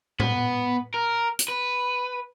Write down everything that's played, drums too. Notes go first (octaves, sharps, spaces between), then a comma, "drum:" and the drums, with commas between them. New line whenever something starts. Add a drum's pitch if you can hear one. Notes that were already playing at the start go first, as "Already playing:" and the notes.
B3, drum: tom A2
A#4
drum: hi-hat
B4